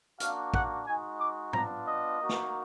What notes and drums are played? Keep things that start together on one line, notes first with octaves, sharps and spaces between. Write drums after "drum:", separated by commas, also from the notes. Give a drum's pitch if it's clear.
A#3 D4 F#4 F5, drum: hi-hat
F#5, drum: kick
G#3 D#4 F#4 G#5
D6
B3 D4 F4 A#5, drum: tom
D#5
A#3 D#4 F#4
drum: snare